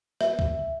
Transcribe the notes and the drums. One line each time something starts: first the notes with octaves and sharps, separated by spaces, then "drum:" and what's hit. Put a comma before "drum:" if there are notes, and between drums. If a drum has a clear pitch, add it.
E5, drum: rim click
drum: kick C#2